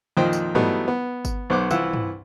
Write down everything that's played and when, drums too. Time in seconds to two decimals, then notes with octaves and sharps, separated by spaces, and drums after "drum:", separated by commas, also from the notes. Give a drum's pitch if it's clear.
0.17 F2 A#2 D#3 C5 D#5 G5
0.33 drum: tambourine
0.55 E3 F#3 G3 A3 B3 D#4, drum: tom
0.88 B3
1.25 drum: kick G1, tambourine
1.50 B1 B3 C5 F#5 D6
1.71 C2 E3 E4 F4 F#5, drum: tambourine
1.93 drum: tom